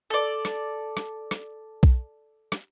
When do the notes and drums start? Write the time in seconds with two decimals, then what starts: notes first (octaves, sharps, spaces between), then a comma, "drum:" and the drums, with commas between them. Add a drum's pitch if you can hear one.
0.10 A4 D5
0.45 drum: rim click
0.97 drum: rim click
1.31 drum: rim click
1.83 drum: kick B1
2.52 drum: rim click